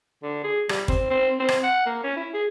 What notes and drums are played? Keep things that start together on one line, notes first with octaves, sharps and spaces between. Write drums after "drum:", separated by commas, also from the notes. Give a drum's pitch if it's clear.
D3
G#4
G3, drum: rim click
C4, drum: kick
C4
C4
drum: rim click
F#5
A#3
C#4
E4
G#4